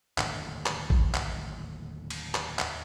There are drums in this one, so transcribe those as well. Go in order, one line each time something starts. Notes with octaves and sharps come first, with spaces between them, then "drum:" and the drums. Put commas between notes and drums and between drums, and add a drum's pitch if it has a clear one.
D#2 A2 D3, drum: clap
drum: clap
drum: kick
drum: clap
drum: cymbal
drum: clap
drum: clap